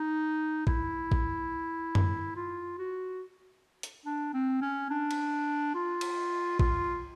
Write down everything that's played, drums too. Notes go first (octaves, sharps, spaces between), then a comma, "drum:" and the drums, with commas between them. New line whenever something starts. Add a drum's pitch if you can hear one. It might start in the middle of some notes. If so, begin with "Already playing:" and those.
Already playing: D#4
E4, drum: kick A1
drum: kick A1
drum: tom F#2
F4
F#4
drum: hi-hat
D4
C4
C#4
D4
drum: cymbal
F4
drum: cymbal
F4, drum: kick A1